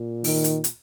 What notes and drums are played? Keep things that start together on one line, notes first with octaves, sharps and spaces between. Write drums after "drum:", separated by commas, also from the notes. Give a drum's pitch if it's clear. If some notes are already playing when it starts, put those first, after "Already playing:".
Already playing: A#2
D#3, drum: open hi-hat
drum: hi-hat
drum: hi-hat